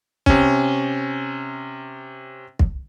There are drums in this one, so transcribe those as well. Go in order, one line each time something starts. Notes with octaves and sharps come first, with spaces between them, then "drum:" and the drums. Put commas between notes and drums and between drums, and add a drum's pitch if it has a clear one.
C3 C#4, drum: kick
drum: kick